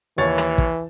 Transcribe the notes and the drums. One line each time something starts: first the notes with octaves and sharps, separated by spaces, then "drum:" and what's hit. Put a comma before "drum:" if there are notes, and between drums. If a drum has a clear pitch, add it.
D#2 E3 C#5 A6
drum: rim click
drum: kick